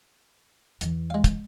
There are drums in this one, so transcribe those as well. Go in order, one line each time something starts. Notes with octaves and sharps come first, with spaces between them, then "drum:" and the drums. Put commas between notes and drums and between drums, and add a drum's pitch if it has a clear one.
E2 E3, drum: hi-hat
G#3 F5
drum: kick, hi-hat